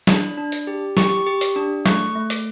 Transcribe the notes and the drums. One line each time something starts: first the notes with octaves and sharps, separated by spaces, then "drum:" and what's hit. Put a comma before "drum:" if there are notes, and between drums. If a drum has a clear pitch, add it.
D4 B5, drum: snare
D4
drum: hi-hat
G4
G4 C#6, drum: snare
G4
drum: hi-hat
D4
A3 C#6, drum: snare
A3
D6, drum: hi-hat